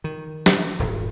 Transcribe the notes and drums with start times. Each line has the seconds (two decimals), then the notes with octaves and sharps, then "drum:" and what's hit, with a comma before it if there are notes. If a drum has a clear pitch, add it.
0.04 D#3
0.46 drum: snare
0.79 D#1 G#1